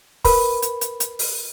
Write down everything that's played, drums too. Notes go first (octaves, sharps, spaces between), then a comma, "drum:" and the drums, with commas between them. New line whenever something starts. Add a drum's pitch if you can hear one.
A#4 B4 B5, drum: kick, open hi-hat
drum: hi-hat
drum: hi-hat
drum: hi-hat
drum: open hi-hat